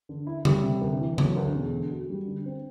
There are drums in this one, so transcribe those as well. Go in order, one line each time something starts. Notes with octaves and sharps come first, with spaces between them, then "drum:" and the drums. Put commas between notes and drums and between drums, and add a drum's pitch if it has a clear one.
D3
E4
G3, drum: tom C#3
C3
D2
E3
F#3, drum: tom C#3
D2
E1
D3
F#4
G3
D3
C4